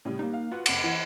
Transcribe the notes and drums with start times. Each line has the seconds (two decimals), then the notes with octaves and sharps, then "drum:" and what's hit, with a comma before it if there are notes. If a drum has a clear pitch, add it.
0.05 A2 C#3 G3
0.19 G3 A#3 D#4
0.33 F5
0.52 F4 F#4 B4 F#5
0.66 F#1 F#5 D6, drum: cymbal
0.84 E3